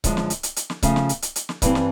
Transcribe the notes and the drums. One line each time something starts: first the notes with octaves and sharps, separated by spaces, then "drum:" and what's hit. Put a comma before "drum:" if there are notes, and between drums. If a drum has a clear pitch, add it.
F#2 D3 F3 G#3, drum: kick C#1, hi-hat
drum: snare
drum: hi-hat
drum: hi-hat
drum: hi-hat
drum: snare
C#3 F3 A3, drum: kick C#1, hi-hat
drum: snare
drum: hi-hat
drum: hi-hat
drum: hi-hat
drum: snare
G2 E3 G3 C4, drum: kick C#1, hi-hat
drum: snare